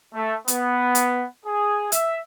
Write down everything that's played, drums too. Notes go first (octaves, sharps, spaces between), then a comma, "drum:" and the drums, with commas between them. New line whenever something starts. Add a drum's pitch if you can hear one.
A3
B3, drum: hi-hat
drum: hi-hat
G#4
E5, drum: hi-hat